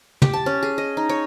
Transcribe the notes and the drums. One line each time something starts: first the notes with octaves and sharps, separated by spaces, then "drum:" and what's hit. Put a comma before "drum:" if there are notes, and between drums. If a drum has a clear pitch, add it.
G4, drum: tom
A5
C#4
G#4
D#5
D#4
C#5